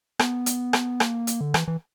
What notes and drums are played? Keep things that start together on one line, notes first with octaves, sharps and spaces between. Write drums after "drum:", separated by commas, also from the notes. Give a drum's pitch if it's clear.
B3, drum: rim click
drum: hi-hat
drum: rim click
A#3, drum: rim click
drum: hi-hat
D3
E3, drum: rim click
E3